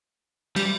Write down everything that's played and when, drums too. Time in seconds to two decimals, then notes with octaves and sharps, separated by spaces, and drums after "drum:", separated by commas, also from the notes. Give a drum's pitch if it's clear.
0.56 G3, drum: cymbal